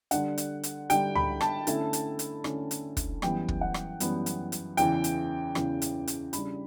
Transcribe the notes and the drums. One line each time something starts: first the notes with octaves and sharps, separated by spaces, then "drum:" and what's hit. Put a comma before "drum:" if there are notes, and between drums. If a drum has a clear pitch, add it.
D3 G3 D4 F#5, drum: hi-hat
drum: hi-hat
drum: hi-hat
D3 G3 D4 G5, drum: hi-hat
B5, drum: tom C#2
A5, drum: rim click
D3 A3 C#4 E4, drum: hi-hat
drum: hi-hat
drum: hi-hat
D3 A3 C#4 E4, drum: rim click
drum: hi-hat
drum: kick, hi-hat
F#2 E3 G3 B3 G5, drum: rim click
drum: kick
F#5
drum: rim click
F#2 E3 G3 B3, drum: hi-hat
drum: hi-hat
drum: hi-hat
E2 C#3 E3 G5, drum: hi-hat
drum: hi-hat
E2 C#3 E3, drum: rim click
drum: hi-hat
drum: hi-hat
C#3 G3 D4 B5, drum: hi-hat